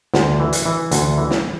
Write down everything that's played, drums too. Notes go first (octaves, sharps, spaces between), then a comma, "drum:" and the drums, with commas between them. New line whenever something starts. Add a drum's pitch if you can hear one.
D2, drum: snare
E3
drum: hi-hat
E3
D2, drum: hi-hat
E3
drum: snare